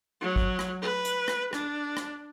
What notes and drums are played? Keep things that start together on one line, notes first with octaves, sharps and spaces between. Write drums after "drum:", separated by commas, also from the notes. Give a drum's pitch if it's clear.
F#3
drum: kick
drum: rim click
B4
drum: hi-hat
drum: rim click
D4, drum: rim click
drum: rim click